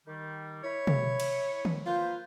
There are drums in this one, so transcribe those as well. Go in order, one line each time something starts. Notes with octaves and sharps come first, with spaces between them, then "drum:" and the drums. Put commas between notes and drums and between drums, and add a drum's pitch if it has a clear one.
D#3 G3
E4 C#5 B5
drum: tom
drum: cymbal
drum: tom
A#3 F4 B4 C5